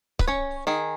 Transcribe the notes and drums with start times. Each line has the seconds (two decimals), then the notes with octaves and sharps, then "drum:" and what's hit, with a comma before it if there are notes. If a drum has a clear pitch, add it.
0.19 B4, drum: kick C#1
0.28 C#4 C#5
0.67 D#3 G#4